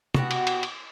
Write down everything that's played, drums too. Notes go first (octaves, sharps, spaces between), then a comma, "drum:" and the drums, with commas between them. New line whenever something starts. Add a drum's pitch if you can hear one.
B2 F#4 G4, drum: tom
drum: cymbal
drum: cymbal
drum: cymbal